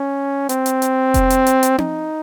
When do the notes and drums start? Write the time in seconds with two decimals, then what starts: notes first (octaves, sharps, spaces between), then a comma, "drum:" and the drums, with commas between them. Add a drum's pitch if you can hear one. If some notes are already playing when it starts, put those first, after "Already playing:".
Already playing: C#4
0.49 C4, drum: hi-hat
0.66 drum: hi-hat
0.82 drum: hi-hat
1.14 drum: kick F1, hi-hat
1.30 drum: hi-hat
1.47 drum: hi-hat
1.63 drum: hi-hat
1.78 D#4, drum: tom C4